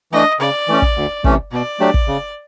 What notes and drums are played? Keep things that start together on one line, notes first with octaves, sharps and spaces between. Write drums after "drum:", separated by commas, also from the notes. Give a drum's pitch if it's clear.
E3 A3 D4 D#5
C#3 D5
E3 A3 C#4
drum: kick
D2
C3 E3 A3 C#4, drum: kick
B2 D5
F#3 A3 D4 G4
drum: kick
C#3